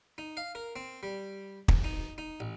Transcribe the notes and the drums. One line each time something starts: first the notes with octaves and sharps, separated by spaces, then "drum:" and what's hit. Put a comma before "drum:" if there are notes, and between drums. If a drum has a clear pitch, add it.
D#4
F5
A#4
C4
G3
drum: kick
D#4
D#4
A1